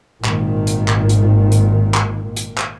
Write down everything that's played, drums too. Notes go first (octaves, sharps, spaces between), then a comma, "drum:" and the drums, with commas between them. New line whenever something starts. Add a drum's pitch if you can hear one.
G#1 A#2 D#3, drum: clap
drum: hi-hat
drum: clap
drum: hi-hat
drum: hi-hat
drum: clap
drum: hi-hat
drum: clap